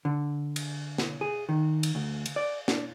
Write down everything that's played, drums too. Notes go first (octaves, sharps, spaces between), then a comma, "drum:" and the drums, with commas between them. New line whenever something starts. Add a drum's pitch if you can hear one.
D3
drum: cymbal
drum: snare
G#4
D#3
drum: cymbal
D2
drum: cymbal
D5
D4, drum: snare